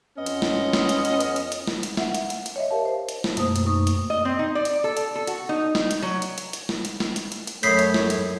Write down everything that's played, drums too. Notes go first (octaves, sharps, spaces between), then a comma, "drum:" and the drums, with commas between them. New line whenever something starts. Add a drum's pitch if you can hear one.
F2 B3 C#4 D#5
drum: hi-hat
drum: snare
drum: snare
drum: hi-hat
drum: hi-hat
drum: hi-hat
drum: hi-hat
drum: hi-hat
drum: snare
drum: hi-hat
E5 F#5, drum: snare
drum: hi-hat
drum: hi-hat
drum: hi-hat
C#5 D#5 E5
G4 A#4 E5 F5 A5
C5
drum: hi-hat
drum: snare
F#2 B2 A3 A#3 C5 D#6, drum: hi-hat
drum: hi-hat
F#2 D#4 C#6 D#6
drum: hi-hat
D#5
C4
D#4
D5
drum: hi-hat
A4
drum: hi-hat
A4
F#4, drum: hi-hat
D#4
drum: snare
drum: hi-hat
F#3
drum: hi-hat
drum: hi-hat
drum: hi-hat
drum: snare
drum: hi-hat
drum: snare
drum: hi-hat
drum: hi-hat
drum: hi-hat
F#2 A3 C#5 D#5 B5 G6 B6 C7, drum: hi-hat
drum: hi-hat
drum: snare
drum: hi-hat